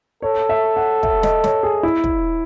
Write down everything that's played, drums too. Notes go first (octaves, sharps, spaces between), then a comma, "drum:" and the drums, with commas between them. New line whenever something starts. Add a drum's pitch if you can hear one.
A4 C#5
E5
F#5
E5, drum: kick
D#5, drum: snare
C#5, drum: snare
G#4
E4
drum: kick